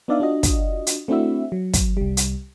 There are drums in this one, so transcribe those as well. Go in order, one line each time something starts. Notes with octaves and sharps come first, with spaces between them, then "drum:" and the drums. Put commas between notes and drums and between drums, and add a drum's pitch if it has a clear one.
B3 D4 D#4 D5 E5 F5
D4 F4 F#4 D#5
drum: kick, hi-hat
drum: hi-hat
A3 C4 D4 E4 F#4 E5
F#3
drum: kick, hi-hat
C2 G3
drum: hi-hat